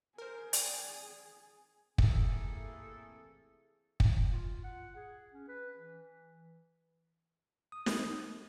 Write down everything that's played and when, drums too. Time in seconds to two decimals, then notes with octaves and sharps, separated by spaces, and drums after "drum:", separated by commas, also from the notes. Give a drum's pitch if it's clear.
0.18 G#4 A#4 C5
0.53 D5 G5 G#5, drum: hi-hat
1.98 C3 E3 A3 A#3 G#4 A4, drum: kick
4.00 drum: kick
4.31 F4
4.64 F#5
4.96 G#4
5.33 C#4
5.48 B4
5.77 E3
7.72 D#6
7.86 drum: snare